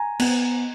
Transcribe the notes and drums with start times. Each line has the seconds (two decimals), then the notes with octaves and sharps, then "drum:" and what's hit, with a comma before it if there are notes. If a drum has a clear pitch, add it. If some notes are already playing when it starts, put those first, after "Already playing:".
Already playing: G#5 A#5
0.19 B3, drum: cymbal